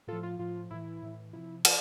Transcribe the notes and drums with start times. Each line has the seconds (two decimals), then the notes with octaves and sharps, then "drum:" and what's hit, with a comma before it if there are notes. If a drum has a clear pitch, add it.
0.07 A2 F3 F4 A4
0.23 F4
0.39 A2 F3 F4
0.71 A2 E3 E4
1.02 A2 E3
1.33 C3 F3 E4
1.65 F3 F4, drum: cymbal